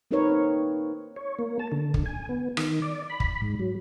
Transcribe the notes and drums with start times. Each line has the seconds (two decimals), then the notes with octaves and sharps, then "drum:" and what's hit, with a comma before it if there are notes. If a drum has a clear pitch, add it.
0.11 A#3 C4 D#4 A#4 B4 C#5
1.16 C#5
1.39 A#3
1.59 A5
1.72 D3
1.94 drum: kick
2.06 G#5
2.29 B3
2.57 D#3, drum: rim click
2.82 D5
3.10 B5
3.20 drum: kick
3.42 G#2
3.59 F#3